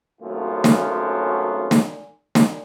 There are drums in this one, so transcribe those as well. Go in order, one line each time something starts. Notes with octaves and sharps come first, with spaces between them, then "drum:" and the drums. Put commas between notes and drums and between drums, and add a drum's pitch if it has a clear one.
G#1 F#2 A3 B3 C#4 F4
drum: snare
drum: snare
drum: snare